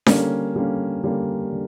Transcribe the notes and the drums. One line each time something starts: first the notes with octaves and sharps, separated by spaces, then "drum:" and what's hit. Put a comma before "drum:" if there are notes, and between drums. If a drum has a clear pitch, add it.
D3 G3 A#3 C#4, drum: snare D4
D3 G3 A#3 C#4
D3 G3 A#3 C#4
D3